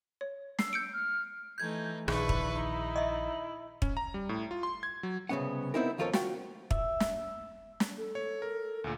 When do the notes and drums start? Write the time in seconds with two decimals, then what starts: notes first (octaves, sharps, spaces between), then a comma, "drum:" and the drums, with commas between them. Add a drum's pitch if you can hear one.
0.21 C#5
0.59 E6 C7, drum: snare
0.73 G6 C#7 D7
0.93 F6
1.58 E3 A3 D#4 G6 G#6
2.08 A#1 D#3 D4 E4 G#4 B4 C#6, drum: rim click
2.29 drum: kick
2.53 D#4
2.96 D#5 E5
3.82 C#4, drum: kick
3.97 A#5
4.14 G3
4.29 A2
4.51 F4
4.63 C6
4.83 G#6
5.03 F#3
5.29 C2 C#3 E3 B3 C#4 F#5
5.74 B3 C4 D#4 E4 G4 A#4
5.98 D#2 F3 F4 A4 A#4 C#5
6.13 F4 F#4 F5 G5, drum: snare
6.71 E5, drum: kick
7.00 drum: snare
7.80 drum: snare
7.98 A4
8.15 C#5
8.42 A#4
8.84 D2 A#2